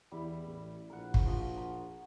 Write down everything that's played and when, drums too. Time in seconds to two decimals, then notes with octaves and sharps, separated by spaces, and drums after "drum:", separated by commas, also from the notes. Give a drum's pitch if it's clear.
0.12 E2 G3 E4
0.46 A1
0.90 A#1 A#4 F#5
1.14 drum: kick
1.26 F3 F#4
1.57 F#5 A#5